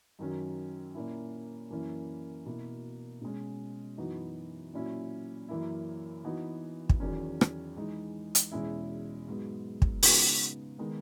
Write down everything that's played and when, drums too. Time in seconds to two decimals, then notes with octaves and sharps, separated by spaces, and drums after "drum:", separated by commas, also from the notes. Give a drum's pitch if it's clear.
0.19 F#2 D#3 F#3 C#4
0.95 A#2 A#3 C#4 E4
1.70 F#2 E3 A#3 C#4 E4
2.46 B2 A#3 E4
3.21 B2 G#3 C#4
3.98 F#2 E3 B3 D#4 F#4
4.74 A#2 F#3 C#4 E4
5.49 F#2 E3 A#3 E4
6.24 E3 B3 D#4 F#4
6.89 drum: kick
7.00 E2 D#3 F#3 C#4
7.41 drum: rim click
7.76 E3 G#3 D#4
8.35 drum: hi-hat
8.51 E2 B2 G#3 C#4 E4
9.28 G#2 F#3 B3
9.82 drum: kick
10.03 C#3 G#3 B3 D#4 F#4, drum: open hi-hat
10.78 D#3 G#3 B3